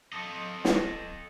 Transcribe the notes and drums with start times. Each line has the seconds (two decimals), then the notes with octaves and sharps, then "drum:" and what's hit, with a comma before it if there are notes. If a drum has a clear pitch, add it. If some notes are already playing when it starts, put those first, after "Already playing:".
0.13 A4 D#5
0.65 drum: snare